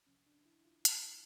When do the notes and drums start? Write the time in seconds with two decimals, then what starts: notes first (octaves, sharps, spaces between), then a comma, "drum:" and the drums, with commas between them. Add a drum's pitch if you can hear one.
0.07 C2 C3 F3 C#4
0.27 D4
0.46 E4
0.65 F4
0.85 drum: hi-hat